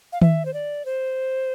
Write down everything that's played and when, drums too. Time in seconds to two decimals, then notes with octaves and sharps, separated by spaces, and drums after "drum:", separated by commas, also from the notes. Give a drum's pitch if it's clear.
0.12 F5
0.22 E5, drum: tom D#3
0.46 C5
0.54 D5
0.85 C5